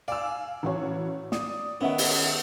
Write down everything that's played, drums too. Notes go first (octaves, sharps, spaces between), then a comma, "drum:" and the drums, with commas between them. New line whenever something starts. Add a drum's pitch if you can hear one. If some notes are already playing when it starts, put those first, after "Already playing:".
D5 F5 G#5 E6
A1 F#4 C#5
D5 D#6, drum: snare
D#3 B3 C#4 E5 F#5
drum: open hi-hat